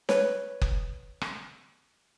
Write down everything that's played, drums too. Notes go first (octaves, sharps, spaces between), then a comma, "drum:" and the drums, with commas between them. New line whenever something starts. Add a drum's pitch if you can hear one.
B4 C#5, drum: snare
drum: kick F#1
drum: rim click